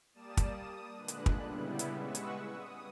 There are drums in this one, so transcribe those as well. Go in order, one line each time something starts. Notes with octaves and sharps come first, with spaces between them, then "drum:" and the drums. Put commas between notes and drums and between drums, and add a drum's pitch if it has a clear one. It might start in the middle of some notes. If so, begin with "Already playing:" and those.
G3 A#3 D5 A5 D#6 E7
drum: kick, hi-hat
D#6
A#2 D3 G#3 D4 B4 F#6
drum: hi-hat
drum: kick
C#3 G3 B3 E4
drum: hi-hat
G#3 B4 F#5 C#6 E6
drum: hi-hat
D#6